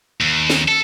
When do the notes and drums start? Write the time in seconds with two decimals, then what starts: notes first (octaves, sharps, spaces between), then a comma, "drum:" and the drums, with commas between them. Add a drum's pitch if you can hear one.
0.20 D#2
0.50 drum: snare
0.68 A4